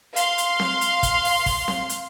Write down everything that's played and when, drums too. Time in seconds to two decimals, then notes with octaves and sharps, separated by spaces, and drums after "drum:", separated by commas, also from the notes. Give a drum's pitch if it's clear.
0.16 F5 C6, drum: hi-hat
0.38 drum: hi-hat
0.60 drum: snare C4
0.81 drum: hi-hat
1.03 drum: kick, hi-hat
1.24 drum: open hi-hat
1.46 drum: kick, open hi-hat
1.68 drum: snare C4
1.89 drum: hi-hat